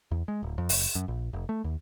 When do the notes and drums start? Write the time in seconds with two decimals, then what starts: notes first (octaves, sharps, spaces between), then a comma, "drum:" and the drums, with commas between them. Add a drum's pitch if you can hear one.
0.11 E2
0.28 G#3
0.43 D1
0.58 F2
0.69 F#1, drum: open hi-hat
0.95 F#2
1.08 A#1
1.33 F1
1.49 A3
1.64 D#2